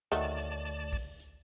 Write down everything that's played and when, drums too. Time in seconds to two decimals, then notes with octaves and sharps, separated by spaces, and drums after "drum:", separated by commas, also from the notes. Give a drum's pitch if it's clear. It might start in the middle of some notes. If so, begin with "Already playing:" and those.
0.12 D2 D#3 F#3 A3 D5 A5, drum: hi-hat
0.39 drum: hi-hat
0.66 drum: hi-hat
0.93 drum: kick A#1, open hi-hat
1.20 drum: hi-hat